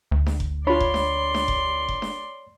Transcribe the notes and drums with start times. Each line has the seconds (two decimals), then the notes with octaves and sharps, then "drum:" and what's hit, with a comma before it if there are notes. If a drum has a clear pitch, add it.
0.12 D2
0.26 drum: snare D4
0.40 drum: kick F1
0.67 D4 F4 C#5 D5 B5 C6
0.80 drum: kick F1
0.94 drum: snare D4
1.35 drum: snare D4
1.48 drum: kick F1
1.89 drum: kick F1
2.02 drum: snare D4